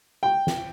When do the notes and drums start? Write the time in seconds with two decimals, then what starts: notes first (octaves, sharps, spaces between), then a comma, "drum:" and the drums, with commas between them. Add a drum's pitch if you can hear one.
0.23 G5
0.47 drum: snare